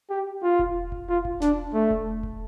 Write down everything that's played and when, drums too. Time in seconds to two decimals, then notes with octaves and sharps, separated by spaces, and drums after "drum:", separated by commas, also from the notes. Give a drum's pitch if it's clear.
0.10 G4
0.43 F4
0.59 drum: kick E1
0.92 drum: kick E1
1.09 F4
1.25 drum: kick E1
1.42 D4, drum: snare
1.74 A3
1.90 drum: kick E1
2.23 drum: kick E1